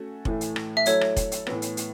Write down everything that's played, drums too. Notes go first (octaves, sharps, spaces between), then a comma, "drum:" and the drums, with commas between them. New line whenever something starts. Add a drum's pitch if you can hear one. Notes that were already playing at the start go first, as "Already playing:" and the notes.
Already playing: A3 C#4 F#4 A4
A2 E3 A3, drum: kick F1
drum: hi-hat
drum: rim click
E5
F#3 A3 E4 A4 C#5, drum: hi-hat
drum: rim click
drum: kick F1, hi-hat
drum: hi-hat
A2 E3 B3, drum: rim click
drum: hi-hat
drum: hi-hat